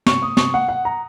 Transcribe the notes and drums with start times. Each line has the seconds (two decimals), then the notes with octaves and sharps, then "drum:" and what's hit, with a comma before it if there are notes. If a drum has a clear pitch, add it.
0.06 C#6, drum: snare
0.22 D#6
0.37 C#6, drum: snare
0.54 F#5
0.69 F#5
0.85 A#5